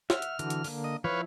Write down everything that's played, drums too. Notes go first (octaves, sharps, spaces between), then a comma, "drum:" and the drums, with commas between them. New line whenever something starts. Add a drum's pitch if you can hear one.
E5 F#5 F6, drum: snare
drum: hi-hat
D3 E3 F#4, drum: hi-hat
drum: hi-hat
D3 A#3, drum: open hi-hat
D#5
F3 E4 B4 C#5 F5